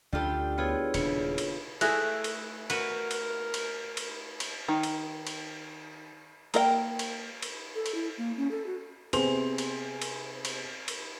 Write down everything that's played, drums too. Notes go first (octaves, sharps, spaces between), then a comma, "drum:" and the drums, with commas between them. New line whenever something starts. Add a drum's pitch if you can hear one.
D2 G3 D4 F4 G4 A4
B3 E4 F4 G#4 C#5
D#1 C#3 D4 C#7, drum: cymbal
drum: cymbal
A3 E4 G#4 F#6 A#6, drum: cymbal
drum: cymbal
F#4 A#4 B4, drum: cymbal
drum: cymbal
drum: cymbal
drum: cymbal
drum: cymbal
D#3
drum: cymbal
drum: cymbal
A#3 A#4 D#5 G5, drum: cymbal
drum: cymbal
drum: cymbal
A4
drum: cymbal
E4
A#3
C#4
A4
F#4
C3 B3 C4 G#4 C6 F7, drum: cymbal
drum: cymbal
drum: cymbal
drum: cymbal
drum: cymbal